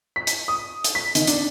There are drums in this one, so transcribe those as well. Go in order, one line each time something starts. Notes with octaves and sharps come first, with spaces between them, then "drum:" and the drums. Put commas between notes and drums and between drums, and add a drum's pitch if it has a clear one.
B6
drum: hi-hat
D#6
drum: hi-hat
B6
D#3, drum: hi-hat
D4, drum: hi-hat